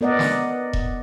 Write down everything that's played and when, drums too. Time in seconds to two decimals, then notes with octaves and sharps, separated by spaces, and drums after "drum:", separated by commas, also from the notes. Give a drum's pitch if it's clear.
0.01 B3 A#4 D5 D#5 F#5
0.19 drum: snare
0.73 drum: kick E1